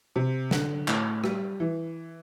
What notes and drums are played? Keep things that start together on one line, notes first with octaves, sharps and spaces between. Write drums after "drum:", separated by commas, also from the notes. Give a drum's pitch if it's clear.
C3
D3, drum: snare
A2, drum: clap
G3, drum: rim click
E3